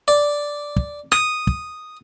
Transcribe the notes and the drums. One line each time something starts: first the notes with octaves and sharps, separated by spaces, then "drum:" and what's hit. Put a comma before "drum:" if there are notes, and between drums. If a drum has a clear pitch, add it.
D5
drum: kick
D#6, drum: rim click
drum: kick